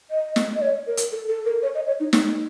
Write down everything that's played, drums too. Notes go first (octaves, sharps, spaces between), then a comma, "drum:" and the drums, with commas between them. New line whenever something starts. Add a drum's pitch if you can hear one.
D#5
drum: snare
D#5
C#5
A#4
drum: hi-hat
A4
A4
A#4
C#5
D#5
C#5
D#4
D#4, drum: snare